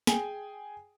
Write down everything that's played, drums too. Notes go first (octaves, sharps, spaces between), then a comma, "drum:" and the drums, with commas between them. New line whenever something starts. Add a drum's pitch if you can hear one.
G#4 G5 G#5, drum: snare